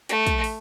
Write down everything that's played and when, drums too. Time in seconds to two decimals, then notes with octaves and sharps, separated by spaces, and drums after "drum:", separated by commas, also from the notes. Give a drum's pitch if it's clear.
0.09 A3, drum: hi-hat
0.27 drum: kick, hi-hat
0.44 drum: open hi-hat